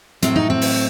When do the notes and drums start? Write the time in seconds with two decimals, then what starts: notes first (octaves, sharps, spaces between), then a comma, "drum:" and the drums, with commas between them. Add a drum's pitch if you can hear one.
0.22 A2 F#3 C4, drum: hi-hat
0.36 D#4
0.50 C4
0.61 drum: open hi-hat